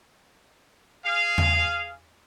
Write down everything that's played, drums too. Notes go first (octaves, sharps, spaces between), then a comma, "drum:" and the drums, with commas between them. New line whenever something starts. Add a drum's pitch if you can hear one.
G#4 F5
drum: tom E2